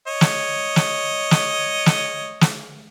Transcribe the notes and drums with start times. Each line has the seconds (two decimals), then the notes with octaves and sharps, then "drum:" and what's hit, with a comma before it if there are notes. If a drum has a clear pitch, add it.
0.07 C#5 D#5
0.21 drum: snare
0.76 drum: snare
1.31 drum: snare
1.86 drum: snare
2.41 drum: snare